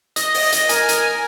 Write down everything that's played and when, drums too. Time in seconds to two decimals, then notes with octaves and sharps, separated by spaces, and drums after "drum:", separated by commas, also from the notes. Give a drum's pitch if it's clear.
0.16 D#5, drum: hi-hat
0.34 drum: open hi-hat
0.52 drum: hi-hat
0.69 A#4 G#5, drum: hi-hat
0.89 drum: hi-hat